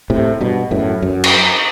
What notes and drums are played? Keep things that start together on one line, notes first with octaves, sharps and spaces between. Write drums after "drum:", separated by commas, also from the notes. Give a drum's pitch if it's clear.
A2 C3
G2 B2
F#2 A2
F#2
drum: cymbal